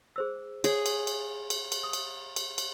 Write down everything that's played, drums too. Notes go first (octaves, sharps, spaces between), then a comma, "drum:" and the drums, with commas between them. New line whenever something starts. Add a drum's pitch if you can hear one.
G#4 C5 E6
G#4 C#5, drum: cymbal
drum: cymbal
drum: cymbal
drum: cymbal
drum: cymbal
D#6
drum: cymbal
drum: cymbal
drum: cymbal